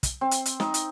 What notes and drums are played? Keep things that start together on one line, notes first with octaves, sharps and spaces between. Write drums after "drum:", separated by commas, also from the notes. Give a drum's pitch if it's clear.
drum: kick, hi-hat
C4
drum: hi-hat
drum: hi-hat
D#4, drum: snare
drum: hi-hat